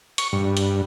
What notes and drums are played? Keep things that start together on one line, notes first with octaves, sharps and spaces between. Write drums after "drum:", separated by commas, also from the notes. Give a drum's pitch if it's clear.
C#6, drum: hi-hat
G2
drum: hi-hat